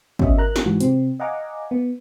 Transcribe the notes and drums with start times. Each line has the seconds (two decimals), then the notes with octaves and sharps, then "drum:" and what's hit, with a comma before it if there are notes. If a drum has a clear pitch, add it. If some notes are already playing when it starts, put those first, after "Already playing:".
0.19 B3 C#4 F#4 D#5 E5, drum: kick
0.38 A#4 A#5 F#6
0.56 drum: snare
0.65 G#2 E3 F#4
0.80 C3 C4, drum: hi-hat
1.20 D#5 F5 F#5 G#5 A#5 D6
1.71 B3